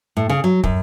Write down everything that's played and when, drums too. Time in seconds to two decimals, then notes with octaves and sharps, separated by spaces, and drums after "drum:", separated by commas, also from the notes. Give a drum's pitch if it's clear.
0.17 A2
0.29 C#3
0.44 F#3
0.64 F#2, drum: kick